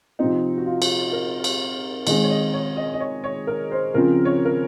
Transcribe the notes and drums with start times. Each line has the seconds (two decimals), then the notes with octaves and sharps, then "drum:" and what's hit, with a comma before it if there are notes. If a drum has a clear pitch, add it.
0.19 C3 F3 C4 D#4
0.58 F#4
0.66 F4
0.82 drum: cymbal
1.13 A#4
1.44 drum: cymbal
2.07 D#3 G#3 C4 D#5, drum: cymbal
2.24 C#5
2.30 D#5
2.54 C#5
2.77 D#5
2.94 D#5
3.00 C#5
3.24 C#5
3.47 A#4
3.71 C5
3.94 C#3 F3 C4 A#4
4.25 C#5
4.45 A#4